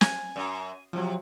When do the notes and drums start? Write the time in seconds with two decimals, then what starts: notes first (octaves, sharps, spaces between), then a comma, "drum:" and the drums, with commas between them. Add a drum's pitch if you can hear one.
0.01 G#5, drum: snare
0.36 F#2
0.93 C3 F3 F#3